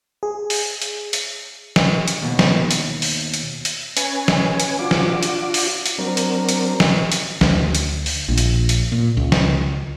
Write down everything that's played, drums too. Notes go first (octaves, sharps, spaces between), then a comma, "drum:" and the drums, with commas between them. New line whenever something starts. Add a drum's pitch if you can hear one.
G#4
drum: open hi-hat
drum: hi-hat
drum: hi-hat
drum: snare
drum: hi-hat
D#2 B2
drum: snare
drum: hi-hat
drum: open hi-hat
drum: hi-hat
drum: hi-hat
C#4 B4 G#5, drum: hi-hat
drum: snare
drum: hi-hat
D4 F4 F#4 D6
drum: snare
drum: hi-hat
drum: open hi-hat
drum: hi-hat
F#3 C4 D4 A#4
drum: hi-hat
drum: hi-hat
drum: snare
drum: hi-hat
D2, drum: snare
drum: hi-hat
drum: open hi-hat
A#1
drum: hi-hat
drum: hi-hat
A#2
C#2
drum: snare